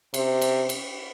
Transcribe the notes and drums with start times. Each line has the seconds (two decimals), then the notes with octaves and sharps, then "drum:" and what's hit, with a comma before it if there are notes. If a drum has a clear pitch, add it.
0.14 C3, drum: cymbal
0.41 drum: cymbal
0.69 drum: cymbal